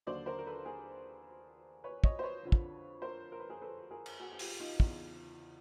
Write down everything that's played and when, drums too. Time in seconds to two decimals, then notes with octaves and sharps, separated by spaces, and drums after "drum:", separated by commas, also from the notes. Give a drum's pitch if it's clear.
0.07 D#2 D3 F#3 C5 D5
0.26 A#4 C5
0.38 A#4
0.46 A4 B4
0.65 G#4 A#4
1.84 B4 C#5
2.04 C#5 D#5, drum: kick
2.19 C5
2.23 B4 C#5
2.43 F2 D3 F3
2.52 drum: kick
3.02 A#4 C5
3.32 A#4
3.40 B4
3.50 G#4 A#4
3.61 A4 B4
3.91 G#4 A#4
4.06 drum: cymbal
4.20 F#4 G#4
4.32 G#4
4.39 F4 G4, drum: open hi-hat
4.60 D#4 F4
4.80 E2 C#3 E3, drum: kick